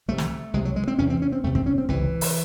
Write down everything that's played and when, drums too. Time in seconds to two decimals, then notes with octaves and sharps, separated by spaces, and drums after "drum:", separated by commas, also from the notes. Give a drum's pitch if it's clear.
0.08 C2 C3 A3
0.18 drum: snare
0.53 C2 C3 G#3
0.65 F#3
0.76 G#3
0.88 C4
0.99 E2 C3 C#4
1.10 C4
1.22 C#4
1.32 C4
1.44 E2 C3 A3
1.55 C4, drum: kick
1.66 C#4
1.78 C4
1.89 C#2 C3 E3, drum: kick
2.21 drum: open hi-hat